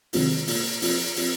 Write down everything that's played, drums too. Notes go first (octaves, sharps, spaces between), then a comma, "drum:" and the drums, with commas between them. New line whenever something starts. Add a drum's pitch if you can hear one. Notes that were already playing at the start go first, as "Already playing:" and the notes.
C3 D#3 G#3 C4 F4, drum: open hi-hat
A#2 A#3 F4, drum: open hi-hat
F3 C4 F4, drum: open hi-hat
F3 C4 F4, drum: open hi-hat